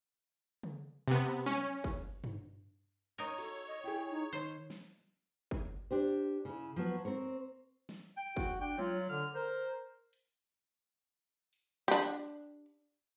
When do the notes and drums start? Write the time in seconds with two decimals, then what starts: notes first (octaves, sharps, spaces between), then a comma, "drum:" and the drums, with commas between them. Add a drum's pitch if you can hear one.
0.63 drum: tom C#3
1.08 C3 B3
1.30 drum: cymbal
1.46 C#4, drum: tom F#3
1.84 drum: kick
2.24 drum: tom G2
3.18 D#4 A#4 C#5
3.38 F#4 A4, drum: cymbal
3.67 D#5
3.84 E4 G#4 G5
4.10 D#4
4.33 D#3 C5 C#5
4.70 drum: snare
5.51 drum: kick
5.91 D4 G4 C5
6.45 C#3 E4
6.76 F3 F#3 B3
7.05 C4 A#4 C5 C#5
7.89 drum: snare
8.17 G5
8.37 F#4, drum: kick
8.61 D4 G5
8.78 F#3 F4, drum: tom F#3
9.09 D3 F6
9.35 A#4 C5
10.13 drum: hi-hat
11.53 drum: tambourine
11.88 D4 G4, drum: snare